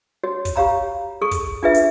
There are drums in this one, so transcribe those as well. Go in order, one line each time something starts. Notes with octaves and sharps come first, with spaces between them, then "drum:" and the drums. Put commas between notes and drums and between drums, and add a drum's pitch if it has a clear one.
F#4 C#5
drum: kick, hi-hat
G4 C#5 F5 A#5 B5
G#4 A4 C#6
drum: kick, hi-hat
D4 F4 G#4 B4 E5
drum: hi-hat